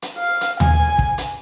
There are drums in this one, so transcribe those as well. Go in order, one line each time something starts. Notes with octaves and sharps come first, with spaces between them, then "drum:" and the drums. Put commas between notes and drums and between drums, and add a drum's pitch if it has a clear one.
drum: hi-hat
F5
drum: hi-hat
G#5, drum: tom D#2
drum: kick
drum: hi-hat